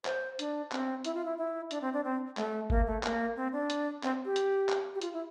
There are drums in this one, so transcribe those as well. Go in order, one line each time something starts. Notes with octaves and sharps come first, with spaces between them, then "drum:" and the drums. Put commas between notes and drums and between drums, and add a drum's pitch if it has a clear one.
C5, drum: clap
D4, drum: hi-hat
C4, drum: clap
E4, drum: hi-hat
F4
E4
E4
D4, drum: hi-hat
C4
D4
C4
A3, drum: clap
A#3, drum: kick G1
A3
A#3, drum: clap
C4
D4
drum: hi-hat
C4, drum: clap
G4
drum: hi-hat
drum: clap
G4
F4, drum: hi-hat
E4